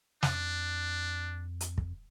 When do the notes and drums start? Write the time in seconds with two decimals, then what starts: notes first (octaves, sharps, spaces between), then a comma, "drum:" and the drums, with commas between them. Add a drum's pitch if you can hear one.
0.23 F2 D4, drum: snare
1.61 drum: hi-hat
1.78 drum: kick